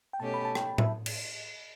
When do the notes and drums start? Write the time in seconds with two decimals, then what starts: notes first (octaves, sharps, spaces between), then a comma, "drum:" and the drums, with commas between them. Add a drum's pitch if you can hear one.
0.13 G5
0.19 B2 A3 C#4 G4 A5
0.34 B5
0.45 A5
0.55 G5, drum: rim click
0.78 E5, drum: tom A2
1.06 drum: cymbal